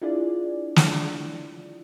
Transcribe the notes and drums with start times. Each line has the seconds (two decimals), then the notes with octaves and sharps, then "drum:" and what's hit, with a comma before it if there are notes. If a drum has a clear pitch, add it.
0.02 D4 E4 F4 G#4 D5
0.76 drum: snare